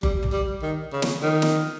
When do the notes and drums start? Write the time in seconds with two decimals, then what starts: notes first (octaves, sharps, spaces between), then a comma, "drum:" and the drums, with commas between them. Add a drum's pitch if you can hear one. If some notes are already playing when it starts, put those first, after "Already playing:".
0.03 G3, drum: kick F#1
0.23 drum: tom
0.33 G3
0.62 D#3
0.93 C#3
1.02 drum: snare
1.22 D#3
1.42 drum: snare